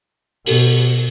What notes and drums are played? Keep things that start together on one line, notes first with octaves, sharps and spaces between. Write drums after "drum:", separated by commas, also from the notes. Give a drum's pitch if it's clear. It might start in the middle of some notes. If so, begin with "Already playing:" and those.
B2, drum: open hi-hat